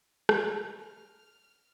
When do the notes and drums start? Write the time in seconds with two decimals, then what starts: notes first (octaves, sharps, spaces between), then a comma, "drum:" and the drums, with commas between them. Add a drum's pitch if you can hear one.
0.29 A#5, drum: rim click
0.78 F6